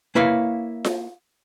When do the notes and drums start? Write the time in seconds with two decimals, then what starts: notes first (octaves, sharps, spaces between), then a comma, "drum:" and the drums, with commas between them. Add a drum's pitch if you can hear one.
0.15 A#3 E4 B4 C#5 F5
0.85 drum: snare F4